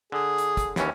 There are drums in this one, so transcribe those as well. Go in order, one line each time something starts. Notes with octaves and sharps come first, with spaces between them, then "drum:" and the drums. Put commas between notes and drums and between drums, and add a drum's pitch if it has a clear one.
D3 G#4
drum: hi-hat
drum: kick, hi-hat
D#2 E3 C#4, drum: snare